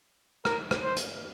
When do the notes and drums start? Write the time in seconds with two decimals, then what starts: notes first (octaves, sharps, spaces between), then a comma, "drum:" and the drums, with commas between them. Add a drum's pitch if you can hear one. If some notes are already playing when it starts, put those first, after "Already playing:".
0.45 A#4, drum: rim click
0.71 drum: rim click
0.84 C5
0.97 drum: hi-hat